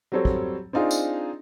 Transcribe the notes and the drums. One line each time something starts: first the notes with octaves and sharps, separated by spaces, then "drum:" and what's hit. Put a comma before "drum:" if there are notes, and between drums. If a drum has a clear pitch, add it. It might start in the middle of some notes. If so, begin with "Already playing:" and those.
F#3 G3 C4 A4 C#5
drum: kick
C4 D4 D#4 F4 G#4
drum: tambourine